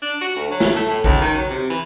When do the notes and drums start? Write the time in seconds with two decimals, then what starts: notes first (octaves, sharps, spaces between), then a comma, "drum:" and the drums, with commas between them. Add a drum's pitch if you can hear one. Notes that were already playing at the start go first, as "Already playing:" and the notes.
0.02 D4
0.21 F#4
0.36 D2
0.51 F#3
0.60 drum: snare
0.76 A3
0.90 A2
1.04 C#2, drum: kick A#1
1.21 D#3
1.35 F#3
1.50 C3
1.70 E3